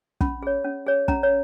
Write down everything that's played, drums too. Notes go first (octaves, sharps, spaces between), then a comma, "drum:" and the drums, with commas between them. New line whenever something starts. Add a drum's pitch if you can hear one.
C#4 B5, drum: kick
G#4 C#5
C#4
G#4 C#5
C#4 A#5, drum: kick
C#5